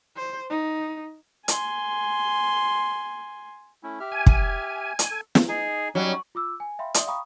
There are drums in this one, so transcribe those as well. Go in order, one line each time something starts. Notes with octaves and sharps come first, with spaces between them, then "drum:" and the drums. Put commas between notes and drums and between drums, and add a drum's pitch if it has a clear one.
C5
D#4
G#5 C6, drum: hi-hat
A3 C#4 E4
G4 E5 F6
G#5
drum: kick
drum: hi-hat
A4
drum: snare
D#4 G#4 G#5
F#3 G3 C#4 D#4
F4 D6 E6
G#5
E5 F5 G5 B5 C6
D5 E5 C6 D#6, drum: hi-hat
F5 G5 A#5 B5 C#6 D#6